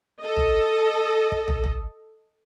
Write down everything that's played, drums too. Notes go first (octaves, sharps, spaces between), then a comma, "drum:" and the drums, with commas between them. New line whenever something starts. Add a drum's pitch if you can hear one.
A4 D#5
drum: tom
drum: kick
drum: tom
drum: tom